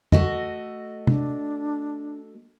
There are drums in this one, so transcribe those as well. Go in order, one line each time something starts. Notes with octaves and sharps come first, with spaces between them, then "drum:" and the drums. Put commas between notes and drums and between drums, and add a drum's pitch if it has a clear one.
A3 F#4 D#5, drum: tom F2
D4, drum: tom